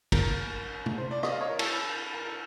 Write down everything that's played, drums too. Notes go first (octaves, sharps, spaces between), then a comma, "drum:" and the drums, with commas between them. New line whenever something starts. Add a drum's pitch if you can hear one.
A#4, drum: kick, cymbal
drum: tom
C5
D5
D#5, drum: rim click
F5
C#5
A#4
A4, drum: cymbal
B4
B4
A#4
A4